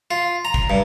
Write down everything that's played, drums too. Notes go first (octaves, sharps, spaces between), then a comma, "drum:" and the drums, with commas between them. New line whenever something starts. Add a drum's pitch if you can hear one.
F4
A#5
drum: kick G1
G2